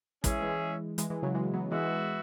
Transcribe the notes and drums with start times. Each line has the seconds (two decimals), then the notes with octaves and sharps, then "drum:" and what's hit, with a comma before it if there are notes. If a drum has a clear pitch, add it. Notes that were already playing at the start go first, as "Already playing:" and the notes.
0.24 E3 G#3 C#4 G#4 E5, drum: kick, hi-hat
0.42 E3 G#3
0.98 E3 G#3, drum: hi-hat
1.10 E3 G#3
1.23 C#3 F#3
1.34 E3 G#3
1.54 F#3 B3
1.72 E3 G#3 B3 F#4 E5